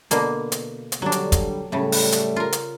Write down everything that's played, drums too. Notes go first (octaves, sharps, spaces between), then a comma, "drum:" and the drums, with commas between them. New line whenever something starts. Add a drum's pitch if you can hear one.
B2 D3 A#3, drum: hi-hat
drum: hi-hat
drum: hi-hat
D3 F#3 G3 D4
drum: hi-hat
drum: kick, hi-hat
A2 C#3 G3 A3
drum: open hi-hat
drum: hi-hat
F4 A#4
drum: hi-hat